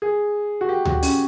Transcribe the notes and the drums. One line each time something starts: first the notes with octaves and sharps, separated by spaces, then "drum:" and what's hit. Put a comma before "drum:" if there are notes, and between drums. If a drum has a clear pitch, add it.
G#4
F#4
G4
F#4, drum: tom D2
C#4, drum: open hi-hat